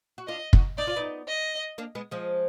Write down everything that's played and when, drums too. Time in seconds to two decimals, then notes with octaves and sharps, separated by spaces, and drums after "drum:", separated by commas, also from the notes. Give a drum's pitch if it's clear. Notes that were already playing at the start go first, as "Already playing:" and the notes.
0.18 F#4
0.28 D4 F4 D#5
0.53 D#4 F#4, drum: kick
0.78 D#4 D5
0.87 F4
0.96 B3 D#4
1.28 D#5
1.78 A#3 D4
1.95 G#3 B3
2.11 F3 G#3